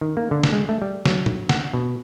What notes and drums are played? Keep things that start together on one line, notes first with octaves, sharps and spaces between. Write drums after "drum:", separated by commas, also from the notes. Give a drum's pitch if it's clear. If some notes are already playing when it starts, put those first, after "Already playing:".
D#3
A#3
D3
drum: snare
G#3
A3
G3
F#3, drum: snare
drum: tom
F#5, drum: snare
B2